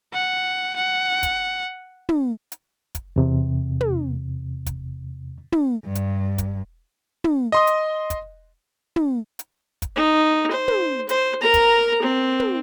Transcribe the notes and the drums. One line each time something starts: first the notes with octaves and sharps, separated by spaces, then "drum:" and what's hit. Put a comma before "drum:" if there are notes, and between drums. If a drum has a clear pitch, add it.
F#5
F#5
drum: kick, hi-hat
drum: tom
drum: hi-hat
drum: kick, hi-hat
E2 C3
drum: tom
drum: kick, hi-hat
drum: tom
G2
drum: hi-hat
drum: kick, hi-hat
drum: tom
D#5 C6 D#6
drum: hi-hat
drum: kick, hi-hat
drum: tom
drum: hi-hat
drum: kick, hi-hat
D#4
C5
drum: tom
C5, drum: hi-hat
A#4 A#5
drum: kick, hi-hat
C4
drum: tom